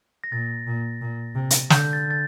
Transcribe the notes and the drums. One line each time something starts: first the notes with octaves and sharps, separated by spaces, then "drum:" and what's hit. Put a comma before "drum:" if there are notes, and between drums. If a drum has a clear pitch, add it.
A#6
A#2 A6
A#2
A#2
C3
drum: hi-hat
D3 G6, drum: snare
A6
A6